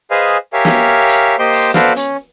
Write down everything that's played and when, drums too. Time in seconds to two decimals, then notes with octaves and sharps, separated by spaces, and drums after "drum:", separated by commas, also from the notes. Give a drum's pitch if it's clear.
0.11 G#4 B4 C5 D#5 F5 G#5
0.53 G4 A#4 C#5 E5 F5 G#5
0.65 drum: snare
1.09 drum: hi-hat
1.39 A#3 G4 C5 D#5 G5 C6
1.52 drum: open hi-hat
1.74 F#4 A4 B4 C5 D5 F5, drum: snare
1.96 C#4, drum: hi-hat